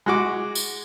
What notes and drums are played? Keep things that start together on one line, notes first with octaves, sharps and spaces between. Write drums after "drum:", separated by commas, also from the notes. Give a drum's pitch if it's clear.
G#3 F#4 D6
drum: tambourine